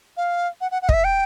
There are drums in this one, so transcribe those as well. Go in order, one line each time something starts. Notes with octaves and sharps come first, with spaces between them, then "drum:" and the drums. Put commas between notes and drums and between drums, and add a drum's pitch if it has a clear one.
F5
F#5
F#5
F#5
D#5, drum: kick
E5
G5